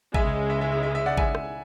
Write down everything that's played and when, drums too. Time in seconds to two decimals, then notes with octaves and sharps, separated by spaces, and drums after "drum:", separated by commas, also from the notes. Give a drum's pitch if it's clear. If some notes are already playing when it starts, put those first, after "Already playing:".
0.14 C#2 C#3 G#3 E5 G#5, drum: kick G#1
0.50 E5
0.61 E5
0.72 E5
0.83 E5
0.95 E5
1.06 D5 F#5
1.18 E5 G#5, drum: kick G#1
1.35 drum: rim click